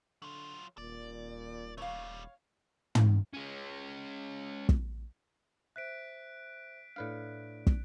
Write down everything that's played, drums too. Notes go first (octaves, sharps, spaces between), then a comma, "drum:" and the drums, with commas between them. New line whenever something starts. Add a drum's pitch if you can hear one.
D3 F#3 F4
D#1 A#2 D5
G3 A3 C#5 F5
drum: tom
G#3 C#4
drum: kick
C5 E5 F#6 B6 D7
A2 D4 B4 D5 F5
drum: kick